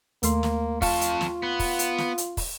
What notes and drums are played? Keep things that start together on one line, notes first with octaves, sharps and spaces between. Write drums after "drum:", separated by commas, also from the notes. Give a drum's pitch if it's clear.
D#2 A3 A#3 C6, drum: hi-hat
drum: snare
F2 F4 F5 A5 C#6, drum: kick, open hi-hat
drum: hi-hat
drum: snare
B3
drum: kick, open hi-hat
drum: hi-hat
drum: snare
drum: hi-hat
drum: kick, open hi-hat